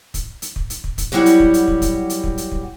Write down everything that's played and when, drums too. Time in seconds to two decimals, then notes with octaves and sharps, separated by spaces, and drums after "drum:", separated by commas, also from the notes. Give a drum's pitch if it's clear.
0.14 drum: kick, hi-hat
0.42 drum: hi-hat
0.56 drum: kick
0.70 drum: hi-hat
0.84 drum: kick
0.98 drum: kick, hi-hat
1.12 F#3 G3 B3 E4 F#4 G4
1.26 drum: hi-hat
1.40 drum: kick
1.54 drum: hi-hat
1.68 drum: kick
1.82 drum: kick, hi-hat
2.10 drum: hi-hat
2.24 drum: kick
2.38 drum: hi-hat
2.52 drum: kick